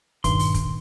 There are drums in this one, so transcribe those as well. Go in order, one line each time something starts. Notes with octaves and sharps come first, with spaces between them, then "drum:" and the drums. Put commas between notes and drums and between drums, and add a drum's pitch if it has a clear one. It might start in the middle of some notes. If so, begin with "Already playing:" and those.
G2 A#2 D#3 C6, drum: kick, hi-hat
drum: open hi-hat
drum: kick, hi-hat